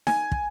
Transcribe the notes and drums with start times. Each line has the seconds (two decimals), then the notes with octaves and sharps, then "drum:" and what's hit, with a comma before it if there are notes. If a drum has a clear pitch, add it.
0.07 G#5, drum: snare D#4
0.32 drum: kick